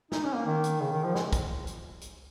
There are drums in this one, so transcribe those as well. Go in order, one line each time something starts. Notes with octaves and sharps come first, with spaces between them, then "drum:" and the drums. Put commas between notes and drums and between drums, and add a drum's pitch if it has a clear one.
D#4, drum: snare
C#4
A#3
D#3
drum: hi-hat
C#3
D#3
F3
G#3, drum: snare
drum: kick, hi-hat
drum: hi-hat
drum: hi-hat